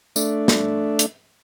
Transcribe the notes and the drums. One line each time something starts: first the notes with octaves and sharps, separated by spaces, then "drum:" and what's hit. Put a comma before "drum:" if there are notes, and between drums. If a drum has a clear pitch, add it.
A3 D4, drum: tambourine
drum: snare
drum: hi-hat